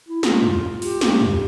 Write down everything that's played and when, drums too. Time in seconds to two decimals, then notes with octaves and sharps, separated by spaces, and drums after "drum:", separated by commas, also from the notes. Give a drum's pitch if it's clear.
0.08 E4
0.23 F4, drum: snare
0.42 drum: tom
0.82 G4, drum: open hi-hat
1.01 drum: snare
1.21 drum: tom